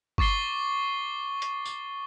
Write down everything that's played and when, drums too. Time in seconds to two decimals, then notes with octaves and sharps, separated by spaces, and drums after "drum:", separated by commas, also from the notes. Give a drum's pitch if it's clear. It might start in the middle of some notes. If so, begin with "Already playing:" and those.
0.18 C#6 D6 A6 C7 G7, drum: kick G1
1.42 drum: hi-hat
1.65 drum: tambourine